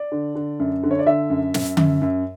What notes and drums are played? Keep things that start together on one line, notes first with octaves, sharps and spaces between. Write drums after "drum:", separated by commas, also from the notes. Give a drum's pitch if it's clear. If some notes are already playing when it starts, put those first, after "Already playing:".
Already playing: D5
D3
D3
F#2
D3
C#5
D5
D3 E5
F#2
F#2, drum: snare
F#2, drum: tom D3
F#2